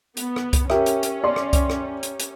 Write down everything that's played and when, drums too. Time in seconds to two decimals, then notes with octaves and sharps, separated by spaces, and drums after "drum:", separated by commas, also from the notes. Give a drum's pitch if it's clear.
0.17 B3, drum: hi-hat
0.36 drum: rim click
0.53 drum: kick C2, hi-hat
0.70 C#4 G4 A#4 E5, drum: rim click
0.86 drum: hi-hat
1.03 drum: hi-hat
1.24 D5 C6
1.36 drum: rim click
1.53 drum: kick C2, hi-hat
1.70 drum: rim click
2.03 drum: hi-hat
2.20 drum: hi-hat